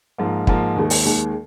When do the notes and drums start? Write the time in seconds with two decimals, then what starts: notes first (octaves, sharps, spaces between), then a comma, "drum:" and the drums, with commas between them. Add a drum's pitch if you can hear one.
0.18 G#2 F3 A#3
0.47 G#2 F3 A#3, drum: kick
0.76 D#2 D#3 G#3
0.90 drum: open hi-hat
1.05 D#2 D#3 G#3